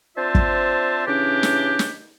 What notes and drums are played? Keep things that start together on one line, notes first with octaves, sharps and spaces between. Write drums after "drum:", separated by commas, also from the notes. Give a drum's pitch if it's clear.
C4 D4 F4 C5 E5 A5
drum: kick
C#3 E3 C#4 D4 G4
drum: snare
drum: snare